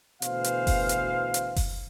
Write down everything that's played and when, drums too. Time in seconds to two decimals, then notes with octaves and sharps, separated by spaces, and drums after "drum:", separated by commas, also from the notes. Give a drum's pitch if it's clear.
0.22 D2 B2 E3 C5 F5, drum: hi-hat
0.44 drum: hi-hat
0.67 drum: kick F#1, open hi-hat
0.89 drum: hi-hat
1.34 drum: hi-hat
1.56 drum: kick F#1, open hi-hat